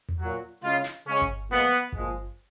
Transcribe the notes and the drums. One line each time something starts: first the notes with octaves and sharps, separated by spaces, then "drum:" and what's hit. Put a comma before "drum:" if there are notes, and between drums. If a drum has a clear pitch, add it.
drum: tom E2
A#2 F#3
C#3 G#3 F4
drum: snare
C#3 G#3 C#4
drum: kick G1
A#2 F3 G#3 B3
A#2 F3 G#3, drum: kick G1